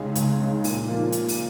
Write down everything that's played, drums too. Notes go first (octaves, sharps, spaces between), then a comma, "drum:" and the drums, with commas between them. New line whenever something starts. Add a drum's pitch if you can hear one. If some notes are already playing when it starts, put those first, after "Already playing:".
Already playing: C#2 C#3 G#3 D#4 G#4
C#2, drum: hi-hat
C#3 G#3 D#4 G#4
A#2, drum: open hi-hat
F3 A#3 F4
drum: hi-hat
drum: open hi-hat